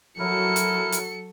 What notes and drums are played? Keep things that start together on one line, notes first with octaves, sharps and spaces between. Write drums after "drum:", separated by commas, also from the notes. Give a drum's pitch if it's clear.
F#3 E4 A4 A#4 C#7
drum: hi-hat
drum: hi-hat